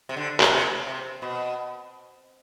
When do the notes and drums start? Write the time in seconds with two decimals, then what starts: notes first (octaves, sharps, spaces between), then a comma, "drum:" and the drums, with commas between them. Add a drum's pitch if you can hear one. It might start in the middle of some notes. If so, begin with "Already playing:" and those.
0.09 C3
0.17 D3
0.40 drum: clap
0.52 C3
0.87 C3
1.22 B2